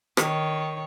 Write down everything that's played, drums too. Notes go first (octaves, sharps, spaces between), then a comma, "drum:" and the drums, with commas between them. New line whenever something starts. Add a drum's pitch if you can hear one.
D#3 C#5, drum: rim click